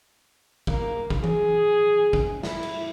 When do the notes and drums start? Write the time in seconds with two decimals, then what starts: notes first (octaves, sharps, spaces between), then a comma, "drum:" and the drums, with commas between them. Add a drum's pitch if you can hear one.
0.67 A#3, drum: kick
1.10 drum: kick
1.24 G#4, drum: tom E3
2.13 drum: kick
2.43 E4, drum: snare
2.63 drum: cymbal